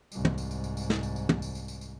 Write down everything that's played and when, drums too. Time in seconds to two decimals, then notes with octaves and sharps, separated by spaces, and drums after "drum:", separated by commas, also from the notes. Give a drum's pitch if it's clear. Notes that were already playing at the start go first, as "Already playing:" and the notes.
0.12 C2 G#2, drum: tambourine
0.25 drum: tom
0.38 drum: tambourine
0.51 drum: tambourine
0.64 drum: tambourine
0.77 drum: tambourine
0.90 drum: snare
1.03 drum: tambourine
1.16 drum: tambourine
1.29 drum: tom
1.42 drum: tambourine
1.55 drum: tambourine
1.68 drum: tambourine
1.81 drum: tambourine